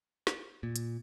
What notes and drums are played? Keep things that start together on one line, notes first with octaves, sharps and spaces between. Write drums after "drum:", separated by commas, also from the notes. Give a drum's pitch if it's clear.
drum: snare
A#2
drum: hi-hat